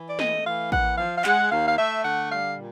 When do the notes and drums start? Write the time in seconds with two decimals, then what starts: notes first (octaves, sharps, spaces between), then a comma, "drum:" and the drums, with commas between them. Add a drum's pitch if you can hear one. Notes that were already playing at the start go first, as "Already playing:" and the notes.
Already playing: E3
0.09 D5
0.19 A3 D#5, drum: snare
0.45 E3 F5
0.72 A#3 F#5, drum: kick A1
0.98 F3 F5
1.18 F5
1.24 G#3 F#5, drum: clap
1.50 D#2 F5
1.68 F5
1.77 A3 E5
2.03 D3 F#5
2.31 G3 F5
2.56 A#2